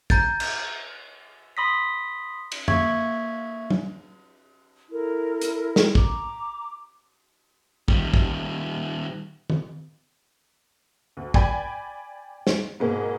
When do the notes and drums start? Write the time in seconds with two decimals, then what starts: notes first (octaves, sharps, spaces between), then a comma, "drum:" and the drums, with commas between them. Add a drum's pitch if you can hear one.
0.10 A#5 G6 A6, drum: kick
0.40 drum: cymbal
1.57 B5 C6 D#6 A#6 B6
2.52 drum: cymbal
2.68 A#3 E5 C#6 G#6, drum: tom F2
3.70 drum: tom
4.91 E4 A4 A#4
5.42 drum: hi-hat
5.76 drum: snare
5.95 A#5 D6, drum: kick
7.88 D#3 G3, drum: kick
8.14 drum: kick
9.50 drum: tom D#3
11.17 D2
11.34 D5 G5 G#5 B5 G#6, drum: kick
12.47 drum: snare
12.80 G#2 B2 A#3 G#4